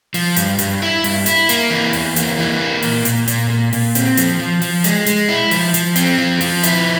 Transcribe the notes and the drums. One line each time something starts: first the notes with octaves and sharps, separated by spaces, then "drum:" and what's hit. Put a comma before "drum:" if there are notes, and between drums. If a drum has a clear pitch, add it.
F3, drum: open hi-hat
G2, drum: hi-hat
G2, drum: hi-hat
E4
G2, drum: open hi-hat
E4, drum: hi-hat
A#3, drum: hi-hat
E3
E2, drum: open hi-hat
A#3, drum: hi-hat
E3
A#3
A#2, drum: open hi-hat
A#2, drum: hi-hat
A#2, drum: hi-hat
A#2
A#2, drum: open hi-hat
C4, drum: hi-hat
F3, drum: hi-hat
F3
F3, drum: open hi-hat
G#3, drum: hi-hat
G#3, drum: hi-hat
E4
F3, drum: open hi-hat
F3, drum: hi-hat
C4, drum: hi-hat
F3
F3, drum: open hi-hat
E4, drum: hi-hat